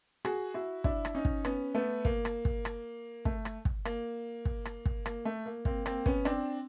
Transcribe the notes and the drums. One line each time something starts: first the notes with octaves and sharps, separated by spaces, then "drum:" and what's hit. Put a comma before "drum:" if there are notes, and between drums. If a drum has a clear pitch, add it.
F#4 G#4, drum: rim click
E4 F#4
D4 E4, drum: kick
drum: rim click
C#4 D#4
drum: kick
B3 C#4, drum: rim click
A3 B3
A#3, drum: kick
drum: rim click
drum: kick
drum: rim click
A3, drum: kick
drum: rim click
drum: kick
A#3, drum: rim click
drum: kick
drum: rim click
drum: kick
A#3, drum: rim click
A3
A#3
A#3 C4, drum: kick
A#3 C4, drum: rim click
B3 C#4, drum: kick
C4 D4, drum: rim click